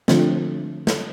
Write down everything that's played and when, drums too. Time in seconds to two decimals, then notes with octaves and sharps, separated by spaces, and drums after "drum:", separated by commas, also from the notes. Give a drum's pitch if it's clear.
0.08 D3 F3 A3 C4, drum: snare
0.87 drum: snare